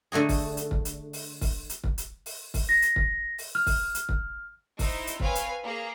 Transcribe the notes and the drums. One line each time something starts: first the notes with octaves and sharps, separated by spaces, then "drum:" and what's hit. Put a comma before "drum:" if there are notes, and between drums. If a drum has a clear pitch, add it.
D3 A3 F#4 G#4
drum: kick, open hi-hat
drum: hi-hat
drum: kick
drum: hi-hat
drum: open hi-hat
drum: kick, open hi-hat
drum: hi-hat
drum: kick
drum: hi-hat
drum: open hi-hat
drum: kick, open hi-hat
A#6
drum: hi-hat
drum: kick
drum: open hi-hat
F6
drum: kick, open hi-hat
drum: hi-hat
drum: kick
D#4 E4 C5, drum: kick, open hi-hat
drum: hi-hat
C4 B4 C#5 F5 G#5, drum: kick
drum: hi-hat
A#3 G#4